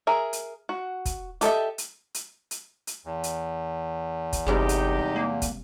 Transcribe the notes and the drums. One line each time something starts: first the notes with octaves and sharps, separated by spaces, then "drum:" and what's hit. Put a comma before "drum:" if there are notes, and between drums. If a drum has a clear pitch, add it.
G#4 A#4 E5
drum: hi-hat
F#4
drum: kick, hi-hat
G4 A4 D#5 E5, drum: hi-hat
drum: hi-hat
drum: hi-hat
drum: hi-hat
drum: hi-hat
E2
drum: hi-hat
drum: kick, hi-hat
G1 C3 G3 G#3 D#4 G4
drum: hi-hat
A#3
drum: kick, hi-hat